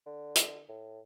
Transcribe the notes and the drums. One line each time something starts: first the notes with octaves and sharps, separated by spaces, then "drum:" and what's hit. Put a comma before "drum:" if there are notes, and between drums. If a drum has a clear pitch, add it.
D3
drum: hi-hat
A2